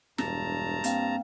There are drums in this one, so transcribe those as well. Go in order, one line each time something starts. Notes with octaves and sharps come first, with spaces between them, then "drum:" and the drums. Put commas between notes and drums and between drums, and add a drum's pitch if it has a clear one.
E1 G2 A5 A#5, drum: snare
A#3 C4 F5 G5, drum: hi-hat